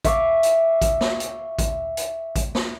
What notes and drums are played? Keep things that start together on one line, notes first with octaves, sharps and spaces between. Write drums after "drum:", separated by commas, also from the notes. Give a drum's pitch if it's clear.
E5 F5 C#6 D6, drum: kick A1, hi-hat
drum: hi-hat
drum: kick A1, hi-hat
drum: snare
drum: hi-hat
drum: kick A1, hi-hat
drum: hi-hat
drum: kick A1, hi-hat
drum: snare